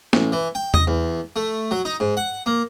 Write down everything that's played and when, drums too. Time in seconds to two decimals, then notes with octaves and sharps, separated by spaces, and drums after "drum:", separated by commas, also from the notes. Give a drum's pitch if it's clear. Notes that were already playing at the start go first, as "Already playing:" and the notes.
0.13 A1, drum: snare
0.32 E3
0.55 G5
0.74 D#5, drum: tom E2
0.87 E2
1.36 A3
1.71 F#3
1.85 D#4
2.00 G#2
2.17 F#5
2.46 A#3